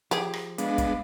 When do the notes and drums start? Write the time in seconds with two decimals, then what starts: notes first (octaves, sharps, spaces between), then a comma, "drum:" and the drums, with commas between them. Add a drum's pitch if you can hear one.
0.11 F3 G4 G#4, drum: hi-hat
0.34 drum: rim click
0.58 G#3 B3 D4 D#5 F5, drum: hi-hat
0.78 drum: kick, hi-hat